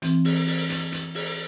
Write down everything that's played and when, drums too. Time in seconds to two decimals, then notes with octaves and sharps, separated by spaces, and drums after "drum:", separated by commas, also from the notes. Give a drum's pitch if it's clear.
0.02 E3 C4, drum: hi-hat
0.25 drum: open hi-hat
0.47 drum: open hi-hat
0.70 drum: hi-hat
0.92 drum: hi-hat
1.15 drum: open hi-hat